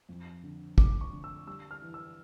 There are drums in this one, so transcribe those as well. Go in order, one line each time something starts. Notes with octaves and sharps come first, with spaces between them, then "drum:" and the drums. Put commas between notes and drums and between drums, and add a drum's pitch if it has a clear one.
F2
D3
A3 D6, drum: kick
C#6
D3
E6
G3 E6
F6
E3
E6